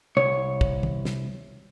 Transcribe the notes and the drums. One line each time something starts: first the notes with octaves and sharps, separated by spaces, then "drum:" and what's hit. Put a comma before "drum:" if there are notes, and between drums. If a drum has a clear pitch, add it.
C2 C#5
drum: kick
drum: tom
drum: snare